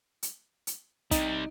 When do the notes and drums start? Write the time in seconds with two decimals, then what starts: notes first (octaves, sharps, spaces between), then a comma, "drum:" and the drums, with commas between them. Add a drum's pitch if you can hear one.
0.23 drum: hi-hat
0.67 drum: hi-hat
1.11 C3 G3 D#4, drum: kick, hi-hat